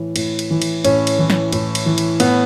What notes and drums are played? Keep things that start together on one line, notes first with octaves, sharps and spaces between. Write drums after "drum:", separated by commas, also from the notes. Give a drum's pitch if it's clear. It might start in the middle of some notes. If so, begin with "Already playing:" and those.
Already playing: A2 E3
A2, drum: cymbal
drum: cymbal
E3
drum: cymbal
A2 C#4, drum: cymbal
drum: cymbal
E3
drum: snare
A2, drum: cymbal
drum: cymbal
E3
drum: cymbal
A2 B3, drum: cymbal